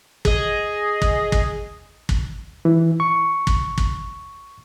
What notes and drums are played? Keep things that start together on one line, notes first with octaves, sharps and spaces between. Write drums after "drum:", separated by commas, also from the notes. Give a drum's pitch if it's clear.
G#4 D#5, drum: kick
drum: kick
drum: kick
drum: kick
E3
C#6
drum: kick
drum: kick